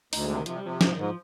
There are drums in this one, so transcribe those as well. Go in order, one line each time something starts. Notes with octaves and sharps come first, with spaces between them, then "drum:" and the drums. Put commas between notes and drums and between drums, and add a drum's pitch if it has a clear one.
D2 D#4, drum: open hi-hat
G#3
C3
D#3
C3 F3, drum: hi-hat
G3
C3 F3
G#2 F3, drum: snare
G#2 D#3
F3